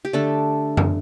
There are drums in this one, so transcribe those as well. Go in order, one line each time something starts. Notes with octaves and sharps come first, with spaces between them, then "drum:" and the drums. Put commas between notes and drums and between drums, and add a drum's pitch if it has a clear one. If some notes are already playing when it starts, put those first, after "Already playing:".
G4
D3 A3 D4 A4
drum: tom F#2